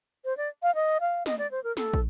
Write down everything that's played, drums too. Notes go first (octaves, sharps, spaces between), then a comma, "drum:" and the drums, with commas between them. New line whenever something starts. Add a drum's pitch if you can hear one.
C5
D5
F5
D#5
F5
D#5, drum: snare
D5
C5
A#4
A4, drum: snare
drum: kick